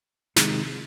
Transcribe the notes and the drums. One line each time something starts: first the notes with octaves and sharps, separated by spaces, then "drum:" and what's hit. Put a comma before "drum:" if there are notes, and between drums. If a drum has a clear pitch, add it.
C3 D#3 G#3, drum: snare